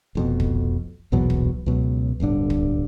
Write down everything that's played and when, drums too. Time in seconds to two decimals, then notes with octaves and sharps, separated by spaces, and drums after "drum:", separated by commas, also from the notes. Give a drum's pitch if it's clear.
0.15 F1 F2 B2
0.40 drum: kick
1.12 A#1 E2 B2 F#3
1.30 drum: kick
1.66 C#2 B2 F#3
2.20 D1 G1 G2 D3
2.50 drum: kick